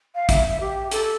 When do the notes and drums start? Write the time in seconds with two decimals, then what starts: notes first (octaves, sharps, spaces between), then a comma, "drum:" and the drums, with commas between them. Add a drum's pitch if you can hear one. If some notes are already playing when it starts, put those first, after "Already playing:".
0.15 F5
0.29 E5, drum: kick, hi-hat
0.60 G4
0.91 A4, drum: hi-hat